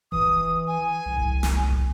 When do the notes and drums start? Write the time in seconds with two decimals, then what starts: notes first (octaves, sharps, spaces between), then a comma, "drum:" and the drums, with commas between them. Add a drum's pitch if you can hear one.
0.12 E3 D#6, drum: kick E1
0.67 G#5
1.06 C2
1.17 drum: kick E1
1.43 drum: snare
1.69 drum: kick E1